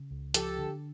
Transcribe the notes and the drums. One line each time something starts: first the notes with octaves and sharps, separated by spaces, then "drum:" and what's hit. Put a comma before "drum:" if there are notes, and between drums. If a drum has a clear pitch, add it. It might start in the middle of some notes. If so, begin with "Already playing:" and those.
Already playing: C#3
C#2
F3 G4 A4, drum: hi-hat
D3